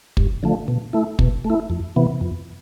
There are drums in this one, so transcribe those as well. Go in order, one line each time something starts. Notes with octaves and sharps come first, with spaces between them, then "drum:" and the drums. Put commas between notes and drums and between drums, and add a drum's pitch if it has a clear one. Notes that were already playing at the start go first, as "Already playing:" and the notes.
G2, drum: kick
D3 F3 A3
B2
A3 E4
B2, drum: kick
A3
E4
F2
C3 E3 B3
F2